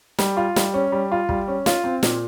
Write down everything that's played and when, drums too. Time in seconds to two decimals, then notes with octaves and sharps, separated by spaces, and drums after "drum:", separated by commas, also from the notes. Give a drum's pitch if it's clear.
0.19 G3, drum: snare
0.37 F4
0.56 G3, drum: snare
0.74 C#4
0.92 G3
1.12 F4
1.29 G3, drum: kick
1.48 C#4
1.66 F4, drum: snare
1.84 C4
2.03 A#2, drum: snare